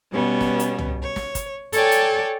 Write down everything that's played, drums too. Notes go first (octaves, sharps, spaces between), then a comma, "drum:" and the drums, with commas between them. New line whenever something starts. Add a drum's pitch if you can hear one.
B2 G3 B3 C#4
drum: snare
drum: hi-hat
drum: tom
C#5
drum: snare
drum: kick, hi-hat
A4 C#5 D5 G5 G#5, drum: hi-hat
drum: hi-hat